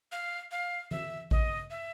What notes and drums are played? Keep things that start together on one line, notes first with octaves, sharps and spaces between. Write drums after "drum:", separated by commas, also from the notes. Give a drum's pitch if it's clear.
F5
F5
E5, drum: tom E3
D#5, drum: kick A1
E5